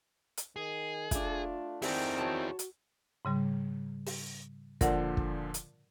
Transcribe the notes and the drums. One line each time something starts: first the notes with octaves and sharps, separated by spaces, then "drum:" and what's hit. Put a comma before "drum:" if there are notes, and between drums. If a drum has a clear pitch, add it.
drum: hi-hat
D#3 G#4
A3 D4 F4, drum: kick, hi-hat
D#3 G3 C4 E4 G#4, drum: open hi-hat
F#4 C#5 A5
drum: hi-hat
G#2 C#3 G3
drum: open hi-hat
A#2 D3 F3 A#4 D5 F#5, drum: kick, hi-hat
drum: kick
drum: hi-hat